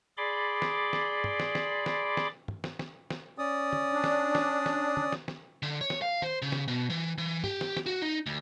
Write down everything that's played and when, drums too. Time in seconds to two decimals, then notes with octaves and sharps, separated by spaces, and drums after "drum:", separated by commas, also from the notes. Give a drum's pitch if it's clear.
0.17 G#4 D5 B5 C6 D6
0.62 drum: snare
0.93 drum: snare
1.24 drum: tom
1.40 drum: snare
1.55 drum: snare
1.86 drum: snare
2.17 drum: snare
2.48 drum: tom
2.64 drum: snare
2.79 drum: snare
3.10 drum: snare
3.38 C#4 D5 D#6
3.73 drum: tom
3.93 D4
4.04 drum: snare
4.35 drum: snare
4.66 drum: snare
4.97 drum: tom
5.12 drum: snare
5.28 drum: snare
5.63 D3
5.81 C#5
5.90 drum: snare
6.02 F5
6.22 C5, drum: tom
6.42 C#3
6.52 drum: snare
6.68 B2
6.90 E3
7.18 E3
7.44 G4, drum: tom
7.61 drum: snare
7.77 drum: snare
7.86 F#4
8.02 D#4
8.26 D2